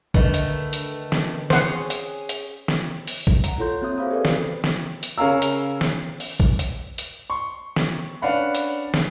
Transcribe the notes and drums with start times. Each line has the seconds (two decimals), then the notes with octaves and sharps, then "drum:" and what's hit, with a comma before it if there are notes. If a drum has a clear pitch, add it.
0.14 D3 D#3 A3 B4, drum: kick
0.34 drum: hi-hat
0.73 drum: hi-hat
1.12 drum: snare
1.50 C#4 G#4 C5 F#5, drum: snare
1.90 drum: hi-hat
2.29 drum: hi-hat
2.68 drum: snare
3.07 drum: open hi-hat
3.27 drum: kick
3.44 F#5 A#5, drum: hi-hat
3.58 E4 F4 A4 C#5 C6 G6
3.81 A#3 C4 F#4 C#5 E5 D#6
3.98 G#4 C5 F5 B5 D#6
4.10 G4 A4 B4 D5
4.25 drum: snare
4.64 drum: snare
5.03 drum: hi-hat
5.18 C#3 C#4 A#4 F5 A#5 E6
5.42 drum: hi-hat
5.81 drum: snare
6.20 drum: open hi-hat
6.40 drum: kick
6.59 drum: hi-hat
6.98 drum: hi-hat
7.30 C6 C#6
7.76 drum: snare
8.22 C#4 D4 B4 F5 F#5 B5
8.55 drum: hi-hat
8.94 drum: snare